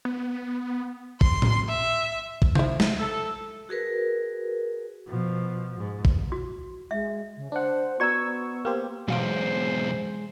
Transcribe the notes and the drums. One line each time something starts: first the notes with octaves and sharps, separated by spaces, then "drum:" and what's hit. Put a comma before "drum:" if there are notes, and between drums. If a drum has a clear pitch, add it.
B3
C6, drum: kick
drum: tom A2
E5
drum: kick
F3 E4, drum: tom C3
drum: snare
A4
F#4 G#4 A#4 B4
B2 F3
G#2
drum: kick
F#4
G#3 E5
C#3
D4 C5 F#5
B3 F#4 D5 A#5 C#6 E6
A#3 G4 B4 C5
B1 E2 B2 G#3 C5 F5 C6 D7